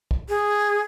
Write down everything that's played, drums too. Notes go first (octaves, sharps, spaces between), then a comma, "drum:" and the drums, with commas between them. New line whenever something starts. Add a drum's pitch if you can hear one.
drum: kick
G#4